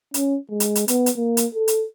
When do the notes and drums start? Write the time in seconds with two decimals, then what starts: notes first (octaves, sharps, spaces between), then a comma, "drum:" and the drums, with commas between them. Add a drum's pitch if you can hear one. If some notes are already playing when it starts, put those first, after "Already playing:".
0.14 C#4, drum: hi-hat
0.50 G#3
0.60 drum: hi-hat
0.75 drum: hi-hat
0.88 B3, drum: hi-hat
1.06 drum: hi-hat
1.17 A#3
1.37 drum: hi-hat
1.54 A4
1.68 drum: hi-hat